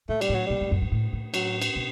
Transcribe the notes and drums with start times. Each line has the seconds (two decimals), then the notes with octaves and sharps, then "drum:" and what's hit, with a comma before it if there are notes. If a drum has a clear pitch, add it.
0.09 A2 A3
0.21 G3, drum: cymbal
0.29 A2 F#3
0.46 B2 G3
0.61 A2
0.71 F#2
0.82 G2
0.92 A2
1.13 A2
1.34 F#3, drum: cymbal
1.61 drum: cymbal
1.76 B2